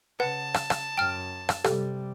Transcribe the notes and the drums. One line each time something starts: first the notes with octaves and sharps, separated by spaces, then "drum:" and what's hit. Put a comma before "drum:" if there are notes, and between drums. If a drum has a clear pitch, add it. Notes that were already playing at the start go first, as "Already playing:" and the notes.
C#3 B4 F#5 A5
drum: rim click
drum: rim click
F#2 G5 F6
drum: rim click
C3 G3 G4 A4, drum: rim click